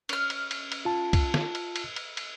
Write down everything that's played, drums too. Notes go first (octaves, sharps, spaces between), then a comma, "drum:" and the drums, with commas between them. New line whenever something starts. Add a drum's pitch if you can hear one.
C#4 F6, drum: cymbal
drum: cymbal
drum: cymbal
drum: cymbal
F4 A5
drum: kick, cymbal
drum: snare
drum: cymbal
drum: cymbal
drum: cymbal
drum: cymbal